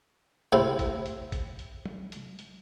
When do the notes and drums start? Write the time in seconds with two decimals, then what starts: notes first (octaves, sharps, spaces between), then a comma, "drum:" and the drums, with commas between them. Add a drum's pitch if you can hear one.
0.52 A2 C3 C4 E4 F5, drum: tom C#3
0.79 drum: kick A1, hi-hat
1.06 drum: hi-hat
1.32 drum: kick A1, hi-hat
1.59 drum: hi-hat
1.86 drum: tom F#3
2.12 drum: hi-hat
2.39 drum: hi-hat